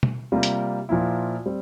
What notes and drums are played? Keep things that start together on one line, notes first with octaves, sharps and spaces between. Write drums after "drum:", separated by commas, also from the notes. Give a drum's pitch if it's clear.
drum: tom B2
C3 G3 A#3 F4
drum: hi-hat
A#2 F3 A#3 E4
G3 C4